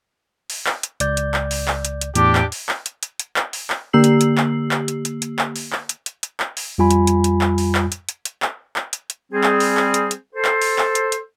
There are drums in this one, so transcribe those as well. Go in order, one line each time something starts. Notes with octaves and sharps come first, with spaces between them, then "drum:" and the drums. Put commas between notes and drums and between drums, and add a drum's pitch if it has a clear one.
drum: open hi-hat
drum: clap
drum: hi-hat
C#2 D5 G6, drum: hi-hat
drum: hi-hat
drum: clap
drum: open hi-hat
drum: clap
drum: hi-hat
drum: hi-hat
E2 A2 D4 G4 D6, drum: hi-hat
drum: clap
drum: open hi-hat
drum: clap
drum: hi-hat
drum: hi-hat
drum: hi-hat
drum: clap
drum: open hi-hat
drum: clap
D3 A#3 G4 E6 C7 F#7
drum: hi-hat
drum: hi-hat
drum: clap
drum: clap
drum: hi-hat
drum: hi-hat
drum: hi-hat
drum: clap
drum: open hi-hat
drum: clap
drum: hi-hat
drum: hi-hat
drum: hi-hat
drum: clap
drum: open hi-hat
F2 G3 F4 G#5 B5
drum: hi-hat
drum: hi-hat
drum: hi-hat
drum: clap
drum: open hi-hat
drum: clap
drum: hi-hat
drum: hi-hat
drum: hi-hat
drum: clap
drum: clap
drum: hi-hat
drum: hi-hat
G3 C4 G#4
drum: clap
drum: open hi-hat
drum: clap
drum: hi-hat
drum: hi-hat
A4 C5
drum: clap
drum: open hi-hat
drum: clap
drum: hi-hat
drum: hi-hat